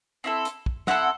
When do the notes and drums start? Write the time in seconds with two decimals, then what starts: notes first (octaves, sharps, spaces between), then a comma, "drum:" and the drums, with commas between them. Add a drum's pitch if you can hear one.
0.24 C4 E4 A4
0.45 drum: hi-hat
0.66 drum: kick
0.87 C4 E4 A4 F#5, drum: snare